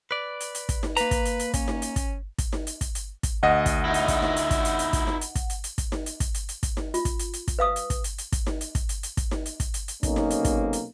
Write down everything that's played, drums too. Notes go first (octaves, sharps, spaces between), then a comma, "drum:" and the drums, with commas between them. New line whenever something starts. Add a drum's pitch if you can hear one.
B4 D5
drum: hi-hat
drum: hi-hat
drum: kick, hi-hat
drum: snare D#4
A#3 B4 A#5, drum: hi-hat
drum: kick, hi-hat
drum: hi-hat
drum: hi-hat
C#4, drum: kick, hi-hat
drum: snare D#4
drum: hi-hat
drum: kick, hi-hat
drum: kick, hi-hat
drum: snare D#4
drum: hi-hat
drum: kick, hi-hat
drum: hi-hat
drum: kick, hi-hat
D2 D#5 F#5
drum: kick, hi-hat
D#4 E4
drum: hi-hat
drum: kick, hi-hat
drum: snare D#4
drum: hi-hat
drum: kick, hi-hat
drum: hi-hat
drum: hi-hat
drum: kick, hi-hat
drum: snare D#4
drum: hi-hat
drum: kick, hi-hat
drum: hi-hat
drum: hi-hat
drum: kick, hi-hat
drum: snare D#4
drum: hi-hat
drum: kick, hi-hat
drum: hi-hat
drum: hi-hat
drum: kick, hi-hat
drum: snare D#4
F4, drum: hi-hat
drum: kick, hi-hat
drum: hi-hat
drum: hi-hat
drum: kick, hi-hat
B4 F5 D#6
drum: hi-hat
drum: kick, hi-hat
drum: hi-hat
drum: hi-hat
drum: kick, hi-hat
drum: snare D#4
drum: hi-hat
drum: kick, hi-hat
drum: hi-hat
drum: hi-hat
drum: kick, hi-hat
drum: snare D#4
drum: hi-hat
drum: kick, hi-hat
drum: hi-hat
drum: hi-hat
B1 C3 A#3 C#4 D#4, drum: kick, hi-hat
drum: snare D#4
drum: hi-hat
drum: kick, hi-hat
drum: hi-hat